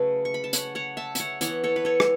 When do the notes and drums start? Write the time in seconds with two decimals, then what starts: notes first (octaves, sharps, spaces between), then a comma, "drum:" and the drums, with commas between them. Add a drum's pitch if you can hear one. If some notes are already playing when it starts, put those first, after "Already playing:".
Already playing: C#3 F#3 A3 B4
0.25 C#6
0.34 B5
0.44 A5
0.53 C#5 F#5, drum: hi-hat
0.75 C#5 F#5
0.97 E5 A5
1.15 C#5 F#5 A5, drum: hi-hat
1.41 E3 B3 C#5 F#5, drum: hi-hat
1.64 A4 C#5
1.76 B4
1.85 A4 C#5
2.00 drum: rim click